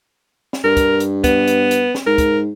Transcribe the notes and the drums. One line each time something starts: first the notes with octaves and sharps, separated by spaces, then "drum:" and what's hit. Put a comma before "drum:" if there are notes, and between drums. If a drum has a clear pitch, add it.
drum: snare
G2 A#4
drum: kick, hi-hat
drum: hi-hat
B3, drum: kick, hi-hat
drum: hi-hat
drum: hi-hat
drum: snare
G#2 A#4
drum: kick, hi-hat